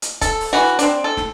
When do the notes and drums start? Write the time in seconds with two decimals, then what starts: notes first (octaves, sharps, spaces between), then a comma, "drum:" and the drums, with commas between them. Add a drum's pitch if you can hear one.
0.02 drum: hi-hat
0.21 A4, drum: kick, hi-hat
0.40 drum: open hi-hat
0.53 E3 F#4
0.79 C4 D4, drum: hi-hat
1.04 A4
1.17 drum: snare